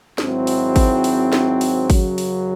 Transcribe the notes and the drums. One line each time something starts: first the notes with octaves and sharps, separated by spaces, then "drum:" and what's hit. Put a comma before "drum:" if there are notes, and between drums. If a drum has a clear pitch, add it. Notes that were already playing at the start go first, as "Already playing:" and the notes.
G#1 G#2 F#3 C4 E4, drum: snare
drum: open hi-hat
drum: kick G#1, open hi-hat
drum: open hi-hat
drum: snare
drum: open hi-hat
F#2 C#3 F#3, drum: kick G#1, open hi-hat
drum: open hi-hat